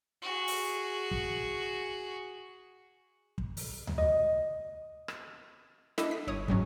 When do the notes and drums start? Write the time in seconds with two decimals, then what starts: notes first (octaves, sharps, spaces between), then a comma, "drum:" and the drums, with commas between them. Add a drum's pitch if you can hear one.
0.22 F#4 G#4
0.47 drum: open hi-hat
1.11 drum: kick
3.38 drum: kick
3.57 drum: open hi-hat
3.87 drum: tom D2
3.98 D#5
5.08 drum: rim click
5.98 D4 E4 A4 D#5, drum: snare
6.11 B6
6.27 G1 C#5 D#6
6.48 G#2 F#3 C#4, drum: kick